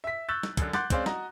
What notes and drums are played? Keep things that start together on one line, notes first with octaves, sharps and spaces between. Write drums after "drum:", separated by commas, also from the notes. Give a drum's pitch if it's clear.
E5 B6
C#6 E6 F#6 G6 A6
drum: snare
F#2 D3, drum: kick, hi-hat
F#5 C6 D6 F#6 G6 A6, drum: snare
G#3 C4 C#4 C5 D5 F5, drum: kick, hi-hat
F#4 D#5 A#5, drum: snare